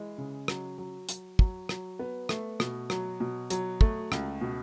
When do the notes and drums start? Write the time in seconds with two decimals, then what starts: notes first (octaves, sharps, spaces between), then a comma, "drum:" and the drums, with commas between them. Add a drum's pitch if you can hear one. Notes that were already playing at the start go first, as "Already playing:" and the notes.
Already playing: E3 G#3
0.18 C#3
0.48 F#3, drum: rim click
0.78 F#3
1.09 F#3, drum: hi-hat
1.39 F#3, drum: kick
1.69 F#3, drum: rim click
1.99 B3
2.29 A3, drum: rim click
2.60 B2, drum: rim click
2.90 F#3, drum: rim click
3.20 B2
3.50 F#3, drum: hi-hat
3.81 A3, drum: kick
4.12 C#2, drum: rim click
4.41 B2